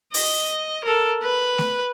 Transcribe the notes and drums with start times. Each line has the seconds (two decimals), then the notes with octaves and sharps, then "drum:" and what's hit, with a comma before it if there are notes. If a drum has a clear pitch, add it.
0.14 D#5, drum: open hi-hat
0.84 A4 A#4
1.23 B4
1.58 drum: snare A3